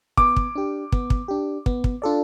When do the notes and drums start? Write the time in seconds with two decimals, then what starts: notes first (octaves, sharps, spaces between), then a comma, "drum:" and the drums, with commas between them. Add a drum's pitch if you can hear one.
0.17 B3 D6, drum: kick
0.36 drum: kick
0.55 D4 G4
0.92 B3, drum: kick
1.10 drum: kick
1.28 D4 G4
1.66 B3, drum: kick
1.84 drum: kick
2.02 D4 F4 A4 D5